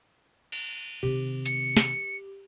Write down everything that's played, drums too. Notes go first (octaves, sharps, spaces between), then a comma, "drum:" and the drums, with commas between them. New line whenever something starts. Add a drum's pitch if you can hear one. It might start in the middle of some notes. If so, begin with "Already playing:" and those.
drum: cymbal
C3 D#3 G4
C#7, drum: hi-hat
drum: snare